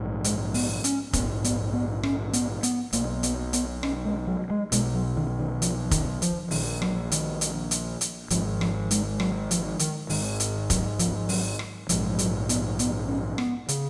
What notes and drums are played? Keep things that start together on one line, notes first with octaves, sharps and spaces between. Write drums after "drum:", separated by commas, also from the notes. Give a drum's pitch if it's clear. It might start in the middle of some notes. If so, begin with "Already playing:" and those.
Already playing: A#1 G#2
G#3, drum: hi-hat
B3, drum: open hi-hat
C#4, drum: hi-hat
A#1 G#2 B3, drum: kick F1, hi-hat
B3, drum: hi-hat
B3
C#4, drum: rim click
B3, drum: hi-hat
B3, drum: hi-hat
B1 B2 A#3, drum: hi-hat
B3, drum: hi-hat
B3, drum: hi-hat
C#4, drum: rim click
G#3
F#3
G#3
B1 B2 G#3, drum: hi-hat
F#3
D#3
D#3
F3, drum: hi-hat
D#3, drum: kick F1, hi-hat
F3, drum: hi-hat
A#1 A#2 D#3, drum: open hi-hat
F#3, drum: rim click
D#3, drum: hi-hat
drum: hi-hat
drum: hi-hat
drum: hi-hat
G#1 G#2 F3, drum: hi-hat
F3, drum: rim click
G#3, drum: hi-hat
F#3, drum: rim click
F3, drum: hi-hat
D#3, drum: hi-hat
G#1 G#2 D#3, drum: open hi-hat
drum: hi-hat
F#3, drum: kick F1, hi-hat
F3, drum: hi-hat
F#3, drum: open hi-hat
drum: rim click
A#1 G#2 F3, drum: hi-hat
F#3, drum: hi-hat
B3, drum: hi-hat
B3, drum: hi-hat
C#4
B3, drum: rim click
C#3, drum: hi-hat